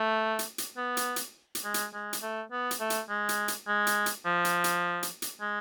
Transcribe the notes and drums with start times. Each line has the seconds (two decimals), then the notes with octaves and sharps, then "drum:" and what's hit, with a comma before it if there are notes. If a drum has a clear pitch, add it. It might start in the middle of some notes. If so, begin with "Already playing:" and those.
Already playing: A3
0.39 drum: hi-hat
0.58 drum: hi-hat
0.77 B3
0.97 drum: hi-hat
1.16 drum: hi-hat
1.55 drum: hi-hat
1.65 G#3
1.74 drum: hi-hat
1.94 G#3
2.13 drum: hi-hat
2.22 A3
2.52 B3
2.71 drum: hi-hat
2.80 A3
2.90 drum: hi-hat
3.09 G#3
3.29 drum: hi-hat
3.48 drum: hi-hat
3.68 G#3
3.87 drum: hi-hat
4.06 drum: hi-hat
4.25 F3
4.45 drum: hi-hat
4.64 drum: hi-hat
5.03 drum: hi-hat
5.22 drum: hi-hat
5.41 G#3